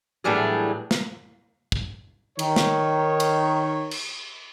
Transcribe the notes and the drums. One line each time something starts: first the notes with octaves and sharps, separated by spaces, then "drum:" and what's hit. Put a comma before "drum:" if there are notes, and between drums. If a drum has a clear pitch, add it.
A2 E3 F#3 G3 D4 G#4
drum: snare
drum: kick
D#3 C#5, drum: cymbal
drum: snare
drum: cymbal
drum: cymbal